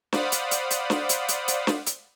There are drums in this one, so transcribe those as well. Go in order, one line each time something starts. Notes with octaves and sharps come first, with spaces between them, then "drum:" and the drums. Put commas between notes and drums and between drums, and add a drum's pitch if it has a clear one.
C5 D5 F5 F#5 B5 D#6, drum: snare
drum: hi-hat
drum: hi-hat
drum: hi-hat
drum: snare
drum: hi-hat
drum: hi-hat
drum: hi-hat
drum: snare
drum: hi-hat